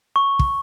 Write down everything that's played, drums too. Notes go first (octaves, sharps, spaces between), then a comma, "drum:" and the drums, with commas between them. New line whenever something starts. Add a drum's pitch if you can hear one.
C#6
drum: kick